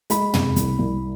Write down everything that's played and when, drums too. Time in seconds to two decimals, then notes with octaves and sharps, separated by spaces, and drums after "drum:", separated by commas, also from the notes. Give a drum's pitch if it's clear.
0.10 G#3 B5, drum: hi-hat
0.34 C3, drum: tom
0.56 C2, drum: hi-hat
0.79 C2